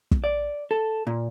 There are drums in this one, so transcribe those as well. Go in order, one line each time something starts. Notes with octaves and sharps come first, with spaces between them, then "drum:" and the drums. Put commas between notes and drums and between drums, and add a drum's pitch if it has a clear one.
drum: kick
D5
A4
A#2